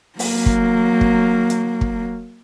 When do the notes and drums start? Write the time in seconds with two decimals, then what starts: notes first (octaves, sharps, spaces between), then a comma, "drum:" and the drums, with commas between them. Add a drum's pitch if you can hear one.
0.19 F#3 A#3, drum: open hi-hat
0.46 drum: kick
1.01 drum: kick
1.50 drum: hi-hat
1.81 drum: kick